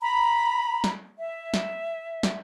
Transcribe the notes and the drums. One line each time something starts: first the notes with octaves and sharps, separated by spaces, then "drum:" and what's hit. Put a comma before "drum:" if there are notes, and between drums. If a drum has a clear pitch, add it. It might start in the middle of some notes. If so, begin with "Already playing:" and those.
A#5 B5
drum: snare
E5
drum: snare
drum: snare